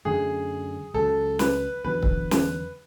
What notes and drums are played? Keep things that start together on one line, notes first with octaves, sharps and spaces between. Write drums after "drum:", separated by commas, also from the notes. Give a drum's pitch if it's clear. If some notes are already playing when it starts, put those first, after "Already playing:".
F#2 D3 A3 G#4
C#2 C#3 F#3 A4
B4, drum: snare
E2 D3 F#3 B3 B4
drum: kick
drum: snare